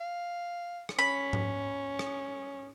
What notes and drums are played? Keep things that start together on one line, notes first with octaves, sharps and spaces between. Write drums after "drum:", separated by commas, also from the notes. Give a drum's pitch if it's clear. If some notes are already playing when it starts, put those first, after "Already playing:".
F5
drum: rim click
C#4 B5
drum: tom G#2
drum: rim click